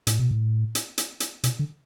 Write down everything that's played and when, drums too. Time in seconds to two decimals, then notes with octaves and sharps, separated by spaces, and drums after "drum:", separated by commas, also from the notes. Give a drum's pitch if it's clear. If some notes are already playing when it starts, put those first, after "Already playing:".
0.07 A2, drum: hi-hat
0.19 B2
0.31 A2
0.75 drum: hi-hat
0.98 drum: hi-hat
1.20 drum: hi-hat
1.43 B2, drum: hi-hat
1.59 D3